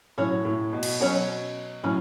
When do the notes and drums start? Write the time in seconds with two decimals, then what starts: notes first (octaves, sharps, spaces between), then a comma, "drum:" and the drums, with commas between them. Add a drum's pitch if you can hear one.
0.18 A2 F#3 C#4 F#4 C#5
0.45 A2
0.73 B2
0.83 drum: cymbal
1.00 B2 F#3 C#4 F#4 C#5
1.83 A2 F#3 C#4